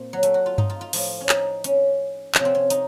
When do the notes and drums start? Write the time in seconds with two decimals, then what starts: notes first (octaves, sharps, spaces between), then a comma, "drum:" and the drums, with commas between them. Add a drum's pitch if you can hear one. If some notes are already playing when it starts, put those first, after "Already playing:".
Already playing: A#2 C4
0.13 F#3
0.23 A3, drum: hi-hat
0.34 F#4
0.46 F4
0.58 D#4, drum: tom G2
0.70 F4
0.81 F4
0.93 A2 F3, drum: open hi-hat
1.21 C#4
1.29 D#4, drum: clap
1.64 C#4, drum: hi-hat
2.35 C3 F3 C#4, drum: clap
2.45 C4
2.55 C#4
2.70 D#4, drum: hi-hat